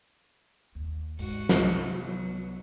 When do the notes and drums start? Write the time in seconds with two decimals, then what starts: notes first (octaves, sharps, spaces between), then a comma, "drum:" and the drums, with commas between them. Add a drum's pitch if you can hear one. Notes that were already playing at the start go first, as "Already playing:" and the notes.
0.75 D#2
1.19 G#2 F#4, drum: open hi-hat
1.49 C2, drum: snare
1.91 F#3 B3